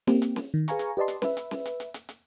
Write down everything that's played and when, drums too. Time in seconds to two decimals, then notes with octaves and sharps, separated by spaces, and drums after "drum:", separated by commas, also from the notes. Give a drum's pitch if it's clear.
0.07 A#3 C4 G4, drum: snare
0.22 drum: hi-hat
0.36 drum: snare
0.54 D#3
0.68 G#4 B4 F5 G#5 A#5 C#6, drum: hi-hat
0.79 drum: hi-hat
0.97 G4 B4 D5 D#5 A5 C6
1.08 drum: hi-hat
1.22 B4 E5, drum: snare
1.37 drum: hi-hat
1.51 drum: snare
1.66 drum: hi-hat
1.80 drum: hi-hat
1.94 drum: hi-hat
2.09 drum: hi-hat